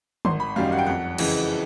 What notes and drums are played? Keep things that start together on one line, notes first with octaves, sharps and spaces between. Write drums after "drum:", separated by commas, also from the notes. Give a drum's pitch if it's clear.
G#1 C6, drum: tom
B5
F#2 D#3 G3 F5
F#5
G5
F2 F#5
C#3 E3 G#3, drum: cymbal